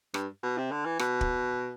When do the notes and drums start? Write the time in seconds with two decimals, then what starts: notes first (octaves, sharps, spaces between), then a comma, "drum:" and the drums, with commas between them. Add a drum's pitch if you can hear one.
0.14 G2, drum: rim click
0.43 B2
0.57 C3
0.71 D3
0.85 E3
0.99 B2, drum: rim click
1.21 drum: kick